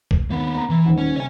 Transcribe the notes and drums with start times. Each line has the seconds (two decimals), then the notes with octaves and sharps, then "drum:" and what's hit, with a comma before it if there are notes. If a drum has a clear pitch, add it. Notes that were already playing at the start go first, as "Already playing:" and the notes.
0.11 drum: kick
0.30 D#2 A#3 B3
0.55 A#5
0.69 E3
0.85 D#1 D#3 F#5
0.98 C#4
1.16 C3 C#5 G#5